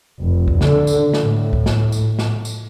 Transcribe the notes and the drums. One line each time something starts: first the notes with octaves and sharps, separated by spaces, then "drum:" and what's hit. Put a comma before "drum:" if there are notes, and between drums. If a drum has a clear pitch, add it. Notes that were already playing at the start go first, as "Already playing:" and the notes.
F1
drum: kick
D3, drum: snare
drum: tambourine
drum: snare
A2
drum: kick
drum: snare
drum: tambourine
drum: snare
drum: tambourine